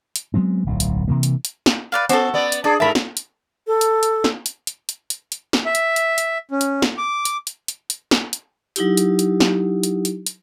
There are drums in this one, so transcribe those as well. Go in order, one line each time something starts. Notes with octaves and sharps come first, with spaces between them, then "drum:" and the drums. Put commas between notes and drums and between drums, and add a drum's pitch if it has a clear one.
drum: hi-hat
F#3 G#3 B3 C4
D1 B1 A2
drum: hi-hat
C3 E3 A#3
drum: hi-hat
drum: hi-hat
drum: snare
B4 D5 F5
B3 F#4 A4, drum: hi-hat
B3 D5
drum: hi-hat
D4 G#4 D5
G#2 A#4 E5 A5 B5
drum: snare
drum: hi-hat
A4
drum: hi-hat
drum: hi-hat
drum: snare
drum: hi-hat
drum: hi-hat
drum: hi-hat
drum: hi-hat
drum: hi-hat
drum: snare
E5
drum: hi-hat
drum: hi-hat
drum: hi-hat
C#4
drum: hi-hat
drum: snare
D6
drum: hi-hat
drum: hi-hat
drum: hi-hat
drum: hi-hat
drum: snare
drum: hi-hat
F#3 D#4 E4 G4, drum: hi-hat
drum: hi-hat
drum: hi-hat
drum: snare
drum: hi-hat
drum: hi-hat
drum: hi-hat